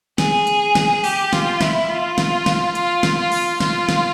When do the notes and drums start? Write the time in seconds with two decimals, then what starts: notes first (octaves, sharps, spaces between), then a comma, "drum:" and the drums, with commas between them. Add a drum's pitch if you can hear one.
0.18 G#4, drum: snare
0.47 drum: hi-hat
0.75 drum: snare
1.04 G4, drum: open hi-hat
1.33 F4, drum: snare
1.61 E4, drum: snare
1.89 F4
2.18 drum: snare
2.46 drum: snare
2.75 F4, drum: hi-hat
3.03 drum: snare
3.17 F4
3.32 drum: open hi-hat
3.60 F4, drum: snare
3.89 drum: snare